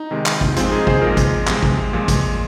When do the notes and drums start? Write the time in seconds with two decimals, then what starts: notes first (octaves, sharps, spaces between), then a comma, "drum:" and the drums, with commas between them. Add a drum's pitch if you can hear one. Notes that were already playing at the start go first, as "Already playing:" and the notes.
Already playing: D#4
0.11 C3 D#3 G#3
0.26 drum: clap
0.41 drum: kick G#1
0.56 A#2 F3 G#3 C4 F4, drum: hi-hat
0.71 D#4 G#4
0.87 G#4 C5, drum: kick G#1
1.01 A#2 F3 G#3 F4 A#4
1.17 drum: kick G#1, hi-hat
1.47 C3 F3 G#3, drum: clap
1.63 drum: kick G#1
1.93 A#2 F3 G#3
2.08 drum: kick G#1, hi-hat